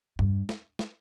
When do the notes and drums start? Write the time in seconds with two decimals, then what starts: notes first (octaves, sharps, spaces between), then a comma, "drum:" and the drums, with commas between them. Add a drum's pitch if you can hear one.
0.19 G2, drum: tom E2
0.49 drum: snare
0.79 drum: snare